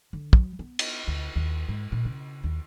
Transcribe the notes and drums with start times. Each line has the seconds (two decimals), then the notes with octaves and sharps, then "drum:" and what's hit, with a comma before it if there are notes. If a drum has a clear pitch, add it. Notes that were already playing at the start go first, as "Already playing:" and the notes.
0.13 D3
0.33 F#3, drum: kick
0.59 B3
0.79 drum: cymbal
1.07 D2
1.36 D#2
1.68 G#2
1.92 A#2
2.05 C#3
2.44 D#2